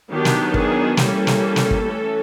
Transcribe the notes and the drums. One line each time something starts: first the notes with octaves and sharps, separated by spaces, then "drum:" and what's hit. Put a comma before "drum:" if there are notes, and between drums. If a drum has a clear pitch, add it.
D#3 F#3 B3 D4 G4
drum: snare
G#4, drum: kick
E3 G3 A#3 C#4 A4, drum: snare
drum: snare
drum: snare
drum: kick
E3 A3 C#4